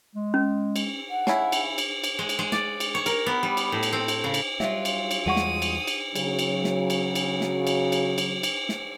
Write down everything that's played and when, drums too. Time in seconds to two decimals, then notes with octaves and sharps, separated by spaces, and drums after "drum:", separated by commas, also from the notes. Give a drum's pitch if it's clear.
0.15 G#3
0.34 C#4
0.76 drum: cymbal
1.10 F#5
1.27 C#3 E4, drum: snare
1.52 drum: cymbal
1.78 drum: cymbal
2.04 drum: cymbal
2.19 G#3
2.29 drum: cymbal
2.39 G#3
2.52 D5, drum: snare
2.80 drum: cymbal
2.95 C#5
3.06 A#4, drum: cymbal
3.26 B3
3.43 G3
3.57 drum: cymbal
3.72 A2
3.83 drum: cymbal
3.93 C4
4.08 drum: cymbal
4.24 C#3
4.34 drum: cymbal
4.60 F#3 G3 F4 E5 F5, drum: snare
4.85 drum: cymbal
5.11 drum: cymbal
5.26 E2 G3 G#3 F#4 F#5 C#6 D#6
5.36 drum: snare
5.62 drum: cymbal
5.87 drum: cymbal
6.15 C#3 F#3, drum: cymbal
6.39 drum: cymbal
6.64 drum: snare
6.90 drum: cymbal
7.15 drum: cymbal
7.41 drum: snare
7.67 drum: cymbal
7.92 drum: cymbal
8.18 drum: cymbal
8.43 drum: cymbal
8.69 drum: snare